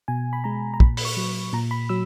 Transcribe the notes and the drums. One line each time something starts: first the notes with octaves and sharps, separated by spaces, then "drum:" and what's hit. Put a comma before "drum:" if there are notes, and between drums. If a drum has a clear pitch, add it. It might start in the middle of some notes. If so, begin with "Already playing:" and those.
B2 G#5
B5
G#3 A#5
A#5
A#2 B5, drum: kick
B5, drum: open hi-hat
C#6
F#3
A#2 A#5
B5
F#3 E6